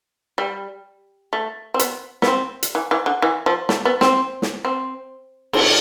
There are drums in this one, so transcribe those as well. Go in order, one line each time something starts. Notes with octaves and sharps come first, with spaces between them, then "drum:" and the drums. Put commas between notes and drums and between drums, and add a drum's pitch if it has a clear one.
G3
A3
C4
B3, drum: hi-hat
B3, drum: snare
C4
drum: hi-hat
E3
E3
D3
E3
F3
A3, drum: snare
B3
C4, drum: snare
drum: snare
C4
C4, drum: cymbal
B3